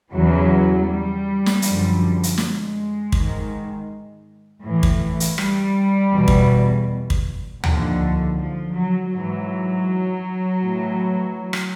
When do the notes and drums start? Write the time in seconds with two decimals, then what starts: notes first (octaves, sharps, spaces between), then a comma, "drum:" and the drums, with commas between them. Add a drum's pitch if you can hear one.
0.12 E2 C#3 E3 F#3
0.88 G3
1.46 drum: snare
1.62 F#2 D3 F3, drum: hi-hat
2.23 drum: hi-hat
2.38 G#3, drum: snare
3.12 G#2 D#3, drum: kick
4.63 A2 E3
4.83 drum: kick
5.20 drum: hi-hat
5.38 G3, drum: rim click
6.13 E2 B2
6.28 drum: kick
7.10 drum: kick
7.64 D#2 D3 F3, drum: tom D2
8.39 F3
8.76 F#3
9.13 G#2 E3 F#3
10.63 A2 E3
11.53 drum: rim click